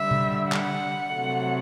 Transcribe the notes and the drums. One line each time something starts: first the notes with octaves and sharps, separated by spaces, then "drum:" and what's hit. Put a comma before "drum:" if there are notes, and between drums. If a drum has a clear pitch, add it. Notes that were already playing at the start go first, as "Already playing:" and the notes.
Already playing: D3 G3 E5
drum: tom C3
F#5, drum: clap
C3 F#3 A3